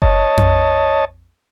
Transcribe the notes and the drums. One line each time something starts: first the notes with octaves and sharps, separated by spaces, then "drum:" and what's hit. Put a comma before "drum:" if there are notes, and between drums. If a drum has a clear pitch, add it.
C#5 D#5 A5, drum: kick F#1
drum: tom F2